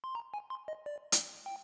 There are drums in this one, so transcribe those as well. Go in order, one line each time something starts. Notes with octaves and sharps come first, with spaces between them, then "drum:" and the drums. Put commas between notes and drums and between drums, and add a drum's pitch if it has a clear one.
C6
A#5
G#5
C6
D#5
D5
drum: hi-hat
G5